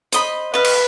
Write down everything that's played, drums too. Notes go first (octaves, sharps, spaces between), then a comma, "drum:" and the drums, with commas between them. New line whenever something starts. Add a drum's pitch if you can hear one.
C5 D#5 B5, drum: hi-hat
B4 D#5 F5
drum: cymbal